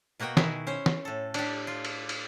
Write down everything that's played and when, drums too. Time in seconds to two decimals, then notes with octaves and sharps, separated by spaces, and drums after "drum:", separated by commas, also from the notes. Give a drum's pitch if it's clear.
0.20 B2 A#3 F#4 D#5 G5
0.37 B2 D#3 E4 G#4, drum: snare
0.67 C#4 C5 C#5
0.86 drum: snare
1.05 A2 A4
1.34 D4 G4, drum: cymbal
1.67 F4
1.85 drum: cymbal
2.09 drum: cymbal